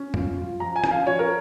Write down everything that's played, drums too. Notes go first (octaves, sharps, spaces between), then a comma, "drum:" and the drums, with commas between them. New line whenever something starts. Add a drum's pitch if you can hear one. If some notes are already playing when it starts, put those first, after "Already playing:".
Already playing: C#4
F4, drum: tom F2
F4
F3 A#5
G#5
C#4, drum: rim click
F5
F3 C#5
A#4